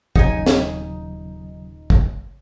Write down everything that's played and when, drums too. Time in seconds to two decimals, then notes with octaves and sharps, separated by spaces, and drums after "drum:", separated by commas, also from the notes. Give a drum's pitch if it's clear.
0.16 D#1 C#3 F#3 D#4 G#5, drum: kick
0.46 drum: snare
1.90 drum: kick